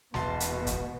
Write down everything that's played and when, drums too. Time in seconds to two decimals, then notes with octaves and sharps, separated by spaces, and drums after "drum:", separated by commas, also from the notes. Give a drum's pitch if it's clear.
0.14 E1 B2 A5 C6, drum: snare
0.40 drum: hi-hat
0.67 drum: kick, hi-hat